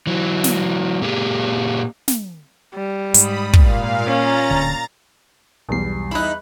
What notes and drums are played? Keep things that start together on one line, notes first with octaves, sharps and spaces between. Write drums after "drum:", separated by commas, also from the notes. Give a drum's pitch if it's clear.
E3 F#3
drum: snare
A#2 G4 G#4
drum: snare
G3
G#2 B5 D#6, drum: hi-hat
A#2 F5, drum: kick
C#4 A#5 A6
D1 D3
B1 E2 G3 C7
D#4 E4 B5 F#6